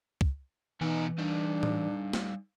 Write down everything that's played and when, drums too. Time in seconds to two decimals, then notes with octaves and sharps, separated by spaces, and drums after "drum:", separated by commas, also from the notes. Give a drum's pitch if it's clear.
0.21 drum: kick
0.81 B2 E3 B3 D#4 G#5
1.18 G3 D4 D#4 D5
1.63 drum: tom A2
2.13 drum: snare